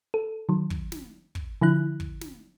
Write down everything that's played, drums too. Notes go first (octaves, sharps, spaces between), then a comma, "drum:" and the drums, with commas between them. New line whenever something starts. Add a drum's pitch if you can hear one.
A4
D#3 F#3
drum: kick
drum: snare
drum: kick
D3 F3 E4 F#6
drum: kick
drum: snare